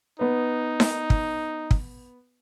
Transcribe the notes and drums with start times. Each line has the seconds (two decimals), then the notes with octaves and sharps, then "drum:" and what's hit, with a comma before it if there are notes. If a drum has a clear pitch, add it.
0.19 B3 D#4 B4
0.80 drum: snare D#4
1.10 drum: kick
1.71 drum: kick